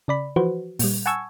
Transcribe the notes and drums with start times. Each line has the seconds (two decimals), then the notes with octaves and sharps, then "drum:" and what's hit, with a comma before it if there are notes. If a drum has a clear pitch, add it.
0.08 C#3 D5 B5
0.36 E3 F3 F#4 B4 C5
0.79 A#2 G3, drum: open hi-hat
1.06 F#5 G#5 A5 C#6 E6 G#6